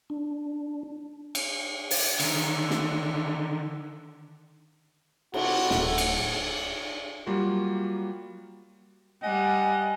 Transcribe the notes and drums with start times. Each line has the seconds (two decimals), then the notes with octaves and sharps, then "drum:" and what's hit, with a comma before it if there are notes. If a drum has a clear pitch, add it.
0.10 D4
1.35 drum: cymbal
1.91 drum: open hi-hat
2.20 D3 D#3, drum: cymbal
2.70 drum: snare
5.34 C3 E4 F#4, drum: cymbal
5.71 D1 G#4 A4 F#5, drum: snare
5.98 drum: cymbal
7.27 F#3 G3 A#3 F4 F#4
9.23 G3 D#5 F#5 G#5